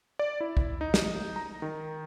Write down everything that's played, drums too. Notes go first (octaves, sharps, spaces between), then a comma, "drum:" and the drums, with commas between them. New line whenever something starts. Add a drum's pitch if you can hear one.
D5
E4
drum: kick
D#4
drum: snare
A#5
D#3